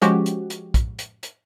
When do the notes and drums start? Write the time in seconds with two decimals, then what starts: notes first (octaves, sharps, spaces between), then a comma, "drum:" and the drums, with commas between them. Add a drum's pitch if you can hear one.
0.02 F3 G#3 C#4 F#4 G4, drum: hi-hat
0.26 drum: hi-hat
0.50 drum: hi-hat
0.74 drum: kick, hi-hat
0.99 drum: hi-hat
1.23 drum: hi-hat